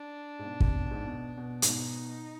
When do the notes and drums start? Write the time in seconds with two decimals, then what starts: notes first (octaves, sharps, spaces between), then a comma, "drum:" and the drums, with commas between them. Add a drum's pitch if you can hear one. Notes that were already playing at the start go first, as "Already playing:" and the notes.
Already playing: D4
0.39 G#2
0.45 B2
0.60 C3, drum: kick
0.75 B2
0.85 B2
0.91 G#2
1.07 B2
1.37 B2
1.62 G#2, drum: hi-hat
1.68 B2 D#4